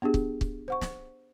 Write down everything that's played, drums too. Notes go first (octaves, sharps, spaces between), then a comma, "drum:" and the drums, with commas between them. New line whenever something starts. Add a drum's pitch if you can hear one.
B3 D4 G4 G#4
drum: kick
drum: kick
C5 F#5 C#6
drum: snare